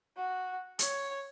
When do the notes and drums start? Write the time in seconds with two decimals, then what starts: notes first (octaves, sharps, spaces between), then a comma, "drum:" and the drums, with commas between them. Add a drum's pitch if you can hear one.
0.17 F#4
0.79 C#5, drum: hi-hat